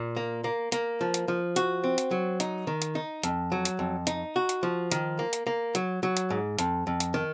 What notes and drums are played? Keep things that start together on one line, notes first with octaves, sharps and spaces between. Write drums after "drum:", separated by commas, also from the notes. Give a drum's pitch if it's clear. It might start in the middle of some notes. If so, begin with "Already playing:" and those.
Already playing: A#2
A#3
A#3
A#3, drum: hi-hat
F3
drum: hi-hat
F3
F#4, drum: hi-hat
C4
drum: hi-hat
F#3
D#4, drum: hi-hat
D#3
drum: hi-hat
D#4
F2, drum: hi-hat
F#3
drum: hi-hat
F2
D#4, drum: hi-hat
F#4
drum: hi-hat
F3
D#3, drum: hi-hat
A#3
drum: hi-hat
A#3
F#3, drum: hi-hat
F#3
drum: hi-hat
G#2
F2, drum: hi-hat
F2
drum: hi-hat
D#3